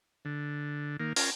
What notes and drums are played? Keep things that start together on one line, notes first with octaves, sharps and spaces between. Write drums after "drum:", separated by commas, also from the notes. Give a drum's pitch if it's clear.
D3
D#3 A#3
C#4 F4 A#4, drum: open hi-hat